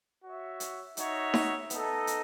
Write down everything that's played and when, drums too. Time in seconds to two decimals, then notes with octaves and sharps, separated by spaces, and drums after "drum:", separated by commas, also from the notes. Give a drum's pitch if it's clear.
0.23 F#4 C#5 E5
0.60 drum: hi-hat
0.97 D#4 F#4 C#5 E5, drum: hi-hat
1.34 drum: snare D#4
1.70 B3 D#4 A4 D#5, drum: hi-hat
2.07 drum: hi-hat